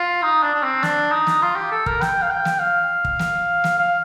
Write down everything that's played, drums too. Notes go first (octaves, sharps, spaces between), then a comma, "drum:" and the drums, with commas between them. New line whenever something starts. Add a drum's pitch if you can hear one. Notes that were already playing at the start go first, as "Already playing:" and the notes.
Already playing: F4
D#4
D4
D4
C4
D4, drum: snare
D#4
drum: snare
F4
G4
A4
A#4, drum: kick
G5, drum: snare
F5
G5
drum: snare
F5
drum: kick
drum: snare
drum: snare
F5